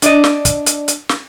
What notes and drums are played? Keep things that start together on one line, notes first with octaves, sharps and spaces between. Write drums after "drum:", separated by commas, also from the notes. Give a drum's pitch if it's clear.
D4 D5 D#5, drum: hi-hat
drum: snare
drum: kick, hi-hat
drum: hi-hat
drum: hi-hat
drum: snare